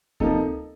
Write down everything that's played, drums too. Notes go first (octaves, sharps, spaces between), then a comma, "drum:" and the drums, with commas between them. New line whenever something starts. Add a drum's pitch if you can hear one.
C3 F3 A#3 D#4 A4, drum: kick D2